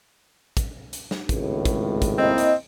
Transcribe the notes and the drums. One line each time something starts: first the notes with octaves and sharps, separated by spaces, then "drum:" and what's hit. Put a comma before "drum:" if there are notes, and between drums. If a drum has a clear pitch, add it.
drum: kick, hi-hat
drum: hi-hat
drum: snare
G#1 C#2 A2, drum: kick, hi-hat
drum: kick, hi-hat
drum: kick, hi-hat
A#3 C4 E4 D#5
drum: hi-hat